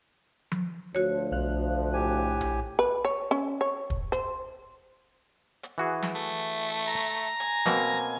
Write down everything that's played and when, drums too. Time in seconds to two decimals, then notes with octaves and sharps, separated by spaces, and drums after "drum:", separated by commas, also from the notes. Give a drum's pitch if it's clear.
0.52 drum: tom F3
0.95 D2 F3 F#4 C#5
1.32 B1 F5 F#6
1.93 A2 G4 G#5
2.41 drum: tom A#1
2.79 B4
3.05 C#5
3.31 C#4
3.61 C#5
3.90 drum: kick
4.12 C5, drum: hi-hat
5.63 drum: hi-hat
5.78 E3 F#4 G#4
6.02 drum: snare
6.15 A3
6.87 A#5
7.40 G#5, drum: hi-hat
7.66 B2 A#3 C4, drum: snare